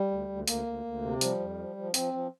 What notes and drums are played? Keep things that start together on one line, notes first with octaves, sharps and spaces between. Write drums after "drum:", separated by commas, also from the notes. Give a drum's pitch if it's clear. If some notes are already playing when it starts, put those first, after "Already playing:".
Already playing: G3
D2
D2
D2 A#3, drum: hi-hat
D2
D2
C3
F3 G3, drum: hi-hat
F2
F3
F3
F3 C4, drum: hi-hat
F3